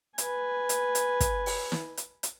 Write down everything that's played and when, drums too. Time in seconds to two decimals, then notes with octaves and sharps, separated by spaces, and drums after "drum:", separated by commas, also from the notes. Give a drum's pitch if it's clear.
0.18 B4 G#5, drum: hi-hat
0.69 drum: hi-hat
0.95 drum: hi-hat
1.20 drum: kick, hi-hat
1.46 drum: open hi-hat
1.72 drum: snare
1.97 drum: hi-hat
2.23 drum: hi-hat